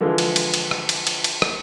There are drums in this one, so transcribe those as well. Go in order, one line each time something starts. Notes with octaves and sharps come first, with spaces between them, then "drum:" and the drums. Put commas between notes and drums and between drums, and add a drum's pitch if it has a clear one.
D3 E3 F3 G#3
drum: cymbal
drum: cymbal
drum: cymbal
drum: rim click
drum: cymbal
drum: cymbal
drum: cymbal
drum: rim click